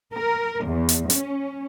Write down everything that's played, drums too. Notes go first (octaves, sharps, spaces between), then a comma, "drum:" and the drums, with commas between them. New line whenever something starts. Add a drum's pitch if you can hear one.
A#4
E2
drum: hi-hat
C#4, drum: hi-hat